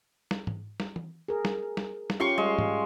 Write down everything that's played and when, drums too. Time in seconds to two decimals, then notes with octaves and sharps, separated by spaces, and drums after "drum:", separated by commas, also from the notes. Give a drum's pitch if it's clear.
0.31 drum: snare
0.47 drum: tom G#2
0.80 drum: snare
0.96 drum: tom E3
1.28 G#4 A#4
1.45 drum: snare
1.77 drum: snare
2.10 drum: snare
2.20 C#4 F4 G4 F5 C6 C#6
2.38 G3 G#3
2.59 drum: tom G#2